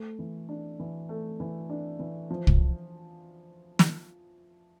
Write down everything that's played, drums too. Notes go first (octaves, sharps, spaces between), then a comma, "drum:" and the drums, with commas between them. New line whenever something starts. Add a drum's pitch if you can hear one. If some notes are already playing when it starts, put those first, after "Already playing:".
Already playing: A3
E3
D4
E3
A3
E3
D4
E3
F3
drum: kick
drum: snare